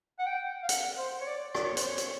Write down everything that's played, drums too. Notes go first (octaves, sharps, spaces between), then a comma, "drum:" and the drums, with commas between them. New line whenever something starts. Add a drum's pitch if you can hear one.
F#5
G5
F5
F#5, drum: hi-hat
C5
C#5
D5
D5, drum: rim click
C#5
C5, drum: hi-hat
C#5
drum: hi-hat